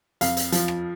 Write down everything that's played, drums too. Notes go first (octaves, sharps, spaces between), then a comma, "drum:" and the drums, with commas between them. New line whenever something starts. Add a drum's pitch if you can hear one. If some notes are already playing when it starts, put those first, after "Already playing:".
F2 F5, drum: hi-hat
drum: hi-hat
F3, drum: hi-hat
drum: rim click